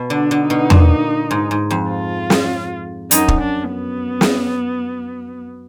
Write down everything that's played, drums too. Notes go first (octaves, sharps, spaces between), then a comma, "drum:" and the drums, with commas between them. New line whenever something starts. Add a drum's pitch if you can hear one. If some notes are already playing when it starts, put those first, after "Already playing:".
Already playing: B2
D3 D4
D3
D#4
B2
A#2, drum: tom E2
G#2
G#2
F2
F4
drum: snare
F#2 D#4, drum: hi-hat
drum: kick
D4
B3
drum: snare